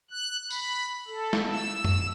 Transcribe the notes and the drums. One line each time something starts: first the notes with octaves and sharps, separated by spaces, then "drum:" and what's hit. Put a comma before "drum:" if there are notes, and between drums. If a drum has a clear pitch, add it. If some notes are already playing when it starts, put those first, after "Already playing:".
F#6
B5, drum: tambourine
A4
drum: snare
E6
drum: tom